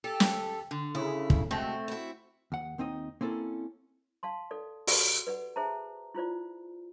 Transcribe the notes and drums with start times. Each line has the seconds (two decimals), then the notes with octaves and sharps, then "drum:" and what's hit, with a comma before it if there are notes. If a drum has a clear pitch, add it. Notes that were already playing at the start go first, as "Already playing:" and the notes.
0.04 G4 A4
0.20 drum: snare
0.71 D3
0.95 C#3 E4
1.30 drum: kick
1.51 C3 G#3 A3 C4 F#4
1.88 E4 F#4
2.52 D#2 F#5
2.78 D#2 C4 D#4 D#5
3.21 A#3 C4 C#4 E4 A4
4.23 F5 A5 C6
4.51 A4 D5
4.87 F#4 G4 A4 F#5, drum: open hi-hat
5.27 B4 D5 F#5
5.56 G#4 C5 E5 A5 A#5
6.15 E4 F4 C5 D5